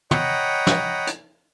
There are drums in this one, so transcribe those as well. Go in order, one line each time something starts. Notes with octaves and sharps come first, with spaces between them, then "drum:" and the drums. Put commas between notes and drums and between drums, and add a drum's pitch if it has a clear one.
C#5 D#5 F#5 G5 A#5 B5, drum: tom
drum: snare
drum: hi-hat